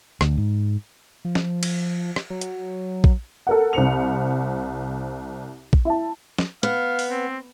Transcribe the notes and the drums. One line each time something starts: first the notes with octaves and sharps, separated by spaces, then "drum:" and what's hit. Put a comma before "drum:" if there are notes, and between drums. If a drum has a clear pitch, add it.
D2, drum: rim click
G#2
F3
drum: snare
drum: cymbal
drum: rim click
F#3
drum: hi-hat
drum: kick A#1
A4 A#4 F#5
C2 C5 C#7 F7
drum: kick A#1
E4 A5
drum: snare
B3 F5
drum: open hi-hat
C4